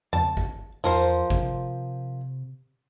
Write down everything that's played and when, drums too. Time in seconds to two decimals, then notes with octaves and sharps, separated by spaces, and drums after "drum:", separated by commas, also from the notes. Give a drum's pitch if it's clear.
0.13 A5, drum: tom E2
0.37 drum: kick
0.84 E2 F3 A#4 C5
1.30 C3, drum: kick